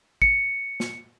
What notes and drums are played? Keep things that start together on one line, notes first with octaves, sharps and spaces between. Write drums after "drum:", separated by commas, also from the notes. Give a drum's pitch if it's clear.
C#7, drum: kick G#1
drum: snare